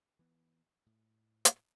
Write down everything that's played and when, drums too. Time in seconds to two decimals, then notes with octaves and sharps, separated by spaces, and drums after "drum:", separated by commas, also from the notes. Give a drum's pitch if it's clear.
0.19 E3 B3
0.86 A2
1.45 drum: hi-hat